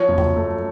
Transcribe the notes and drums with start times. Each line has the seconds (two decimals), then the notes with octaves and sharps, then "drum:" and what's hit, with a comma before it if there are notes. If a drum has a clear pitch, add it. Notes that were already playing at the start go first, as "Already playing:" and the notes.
Already playing: F3 C#5
0.09 F#2
0.18 drum: tom E2
0.36 A3